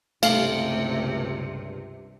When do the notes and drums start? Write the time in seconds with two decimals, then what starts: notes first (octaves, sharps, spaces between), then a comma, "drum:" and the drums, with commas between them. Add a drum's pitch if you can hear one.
0.23 C#2 G2 C3 A3 F5, drum: cymbal